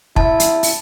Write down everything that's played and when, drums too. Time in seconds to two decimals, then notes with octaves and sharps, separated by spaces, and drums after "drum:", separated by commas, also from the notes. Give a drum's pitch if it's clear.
0.16 E4 A5, drum: kick
0.40 drum: hi-hat
0.63 drum: open hi-hat